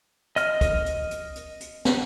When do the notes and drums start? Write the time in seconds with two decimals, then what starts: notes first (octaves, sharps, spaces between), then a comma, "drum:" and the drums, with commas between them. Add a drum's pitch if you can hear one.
0.36 D#5 F6, drum: hi-hat
0.61 drum: kick, hi-hat
0.86 drum: hi-hat
1.11 drum: hi-hat
1.36 drum: hi-hat
1.60 drum: hi-hat
1.85 drum: snare